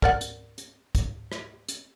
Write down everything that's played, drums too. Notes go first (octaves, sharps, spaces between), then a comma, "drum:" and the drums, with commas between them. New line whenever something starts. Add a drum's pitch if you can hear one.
A#4 D5 F#5, drum: kick
drum: hi-hat
drum: hi-hat
drum: kick, hi-hat
drum: rim click
drum: hi-hat